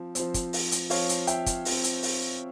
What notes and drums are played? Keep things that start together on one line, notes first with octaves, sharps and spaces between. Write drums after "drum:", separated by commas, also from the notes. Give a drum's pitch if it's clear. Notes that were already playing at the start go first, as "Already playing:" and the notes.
Already playing: F3 C4
F3 C4, drum: hi-hat
drum: kick, hi-hat
drum: open hi-hat
drum: hi-hat
F3 C4 C#5 F5, drum: open hi-hat
drum: hi-hat
E5 G5, drum: hi-hat
drum: kick, hi-hat
F3 C4, drum: open hi-hat
drum: hi-hat
drum: open hi-hat